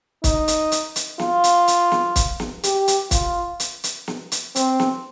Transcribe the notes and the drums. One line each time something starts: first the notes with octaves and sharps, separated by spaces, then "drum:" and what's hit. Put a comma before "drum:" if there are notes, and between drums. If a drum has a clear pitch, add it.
D#4, drum: kick, hi-hat
drum: hi-hat
drum: hi-hat
drum: hi-hat
F4, drum: snare
drum: hi-hat
drum: hi-hat
drum: snare
drum: kick, hi-hat
drum: snare
G4, drum: hi-hat
drum: hi-hat
F4, drum: kick, hi-hat
drum: hi-hat
drum: hi-hat
drum: snare
drum: hi-hat
C4, drum: hi-hat
drum: snare